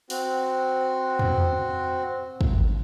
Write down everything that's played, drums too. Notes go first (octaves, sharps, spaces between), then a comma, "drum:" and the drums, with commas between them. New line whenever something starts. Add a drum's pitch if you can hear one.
C4 F#4, drum: open hi-hat
drum: tom E2
drum: kick